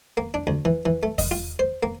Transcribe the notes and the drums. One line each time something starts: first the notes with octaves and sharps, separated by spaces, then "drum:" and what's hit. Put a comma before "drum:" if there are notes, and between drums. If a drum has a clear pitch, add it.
A#3
D4
D2
E3
E3
A3
D#5, drum: kick E2, open hi-hat
F4
C5
A#3